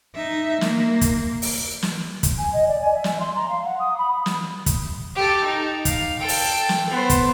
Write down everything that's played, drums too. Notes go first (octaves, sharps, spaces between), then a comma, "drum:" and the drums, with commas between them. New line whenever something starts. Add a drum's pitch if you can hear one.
D#4 E5
A#3, drum: snare
drum: kick, hi-hat
drum: open hi-hat
drum: snare
drum: kick, hi-hat
G#5
D#5
D5
G#5
E5
drum: snare
C6
A#5
F5
F#5
D#6
B5
drum: snare
drum: kick, hi-hat
G4 A4
D#4
F5, drum: kick, hi-hat
A4 G5
drum: open hi-hat
drum: snare
B3 C5
drum: kick, hi-hat